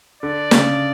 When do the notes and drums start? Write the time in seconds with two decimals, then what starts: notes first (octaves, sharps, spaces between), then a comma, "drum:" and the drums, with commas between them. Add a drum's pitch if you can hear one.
0.23 D3 D5
0.51 C#3, drum: snare